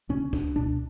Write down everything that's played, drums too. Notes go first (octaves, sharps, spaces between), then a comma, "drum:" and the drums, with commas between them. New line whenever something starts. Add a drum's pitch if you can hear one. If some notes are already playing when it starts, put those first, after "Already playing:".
D2 C#3 C#4
D4, drum: kick
C#2 B2 D4